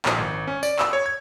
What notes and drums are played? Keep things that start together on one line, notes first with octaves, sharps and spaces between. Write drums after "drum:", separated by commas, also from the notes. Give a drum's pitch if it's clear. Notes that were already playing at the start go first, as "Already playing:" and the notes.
A#1, drum: clap
G#1
C#4
D5, drum: tambourine
E6, drum: clap
C#5
G#6